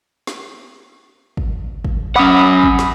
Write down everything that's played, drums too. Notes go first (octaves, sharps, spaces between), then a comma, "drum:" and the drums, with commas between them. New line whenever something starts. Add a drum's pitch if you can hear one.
drum: snare
drum: kick
drum: kick
C#4 F#5 B5 D6 D#6
drum: kick
drum: snare